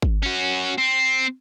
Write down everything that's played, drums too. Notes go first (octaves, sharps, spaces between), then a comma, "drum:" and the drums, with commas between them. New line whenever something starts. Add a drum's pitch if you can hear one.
drum: kick G#1
C#4 F#4
C4